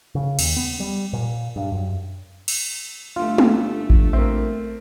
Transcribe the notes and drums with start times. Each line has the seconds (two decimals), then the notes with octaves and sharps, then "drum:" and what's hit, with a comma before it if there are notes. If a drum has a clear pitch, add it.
0.15 C#3
0.39 D#2, drum: cymbal
0.57 B3
0.80 G3
1.13 A#2
1.56 G2
1.72 F#2
2.48 drum: cymbal
3.16 G1 A3 F4
3.38 drum: tom
3.90 drum: kick A1
4.13 A#3 C4 E5